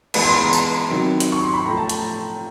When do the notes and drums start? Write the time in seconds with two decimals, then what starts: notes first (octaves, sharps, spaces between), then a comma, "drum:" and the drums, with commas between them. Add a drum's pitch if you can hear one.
0.14 E3 G#3 B3 B5, drum: cymbal
0.24 C6
0.33 B5
0.42 A#5
0.53 A5, drum: tambourine
0.90 C3 D#3 F#3
1.20 drum: hi-hat
1.32 C#6
1.43 C6
1.54 B5
1.65 A2 F3 A3 A#5
1.77 A5
1.89 A5, drum: hi-hat